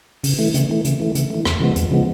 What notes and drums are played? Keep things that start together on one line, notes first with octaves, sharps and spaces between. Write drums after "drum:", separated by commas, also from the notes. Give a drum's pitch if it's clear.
C#3, drum: open hi-hat
E3 A3
C#3, drum: hi-hat
E3 A3
C#3, drum: hi-hat
E3 A3
C#3, drum: hi-hat
E3 A3
E2, drum: rim click
C#3 F3 G#3 B3
E2, drum: hi-hat
C#3 F3 G#3 B3